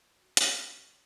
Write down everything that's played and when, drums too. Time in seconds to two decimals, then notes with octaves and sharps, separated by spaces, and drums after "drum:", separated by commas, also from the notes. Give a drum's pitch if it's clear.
0.17 F#4
0.37 C#5, drum: hi-hat
0.69 C#6